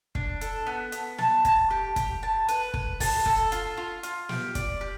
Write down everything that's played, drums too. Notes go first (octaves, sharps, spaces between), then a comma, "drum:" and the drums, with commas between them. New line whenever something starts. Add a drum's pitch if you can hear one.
D4, drum: kick
A4, drum: hi-hat
B3
B3, drum: hi-hat
A5, drum: snare
A5, drum: kick, hi-hat
G4
G4, drum: kick, hi-hat
A5
B4, drum: hi-hat
B4, drum: kick
A5, drum: kick, open hi-hat
A4, drum: kick
F4, drum: hi-hat
F4
F4, drum: hi-hat
G4, drum: snare
D5, drum: kick, hi-hat
G4